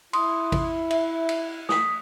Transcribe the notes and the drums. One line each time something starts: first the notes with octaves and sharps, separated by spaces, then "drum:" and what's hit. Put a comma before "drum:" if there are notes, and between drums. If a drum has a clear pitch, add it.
E4 C6 D#6, drum: cymbal
drum: kick, cymbal
E5, drum: cymbal
drum: cymbal
D#6 B6, drum: snare